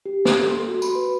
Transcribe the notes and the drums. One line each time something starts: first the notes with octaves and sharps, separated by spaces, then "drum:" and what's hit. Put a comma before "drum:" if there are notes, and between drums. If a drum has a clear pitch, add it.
G4
A#3, drum: snare
A4
C6
F#4
B5, drum: tambourine
B4